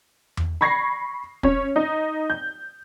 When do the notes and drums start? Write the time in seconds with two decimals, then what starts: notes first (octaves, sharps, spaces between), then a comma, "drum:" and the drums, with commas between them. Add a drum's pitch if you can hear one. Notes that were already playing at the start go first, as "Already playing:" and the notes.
0.37 drum: tom E2
0.61 B5 C#6 G#6 A#6 C7
1.43 C#4 C#5, drum: kick
1.76 D#4
2.30 G6